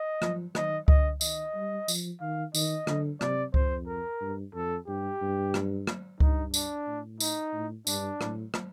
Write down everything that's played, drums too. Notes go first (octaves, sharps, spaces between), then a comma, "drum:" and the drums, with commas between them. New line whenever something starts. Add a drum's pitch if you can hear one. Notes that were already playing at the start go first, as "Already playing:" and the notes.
Already playing: D#5
F3, drum: rim click
D#3 D#5, drum: rim click
D3 D#5, drum: kick C#2
D#3 D#5, drum: tambourine
G3
F3, drum: tambourine
D#3 F5
D#3 D#5, drum: tambourine
D3, drum: rim click
C3 D5, drum: rim click
F2 C5, drum: kick C#2
A#4
G2
F2 A4
G2 G4
G2
drum: rim click
drum: rim click
G2 D#4, drum: kick C#2
D4, drum: tambourine
A2
D#4, drum: tambourine
A2
G2 D4, drum: tambourine
A2, drum: rim click
drum: rim click